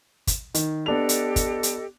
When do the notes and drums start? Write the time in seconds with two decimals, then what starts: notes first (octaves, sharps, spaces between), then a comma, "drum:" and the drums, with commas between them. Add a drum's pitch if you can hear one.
0.27 drum: kick, hi-hat
0.55 D#3, drum: hi-hat
0.86 B3 D4 G4 A4 D#5 F7
1.09 drum: hi-hat
1.36 drum: kick, hi-hat
1.63 drum: hi-hat